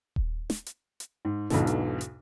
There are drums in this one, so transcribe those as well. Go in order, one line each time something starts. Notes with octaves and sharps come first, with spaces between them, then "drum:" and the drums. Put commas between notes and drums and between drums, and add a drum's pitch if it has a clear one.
drum: kick D#1
drum: snare
drum: hi-hat
drum: hi-hat
G#2
B1 E2 G#2 B2 D3 A4, drum: snare
drum: hi-hat
drum: hi-hat